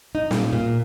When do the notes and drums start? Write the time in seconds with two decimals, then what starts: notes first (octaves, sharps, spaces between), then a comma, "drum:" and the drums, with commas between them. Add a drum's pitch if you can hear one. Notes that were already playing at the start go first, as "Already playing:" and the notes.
0.15 D#4
0.31 A#2, drum: snare
0.53 A#2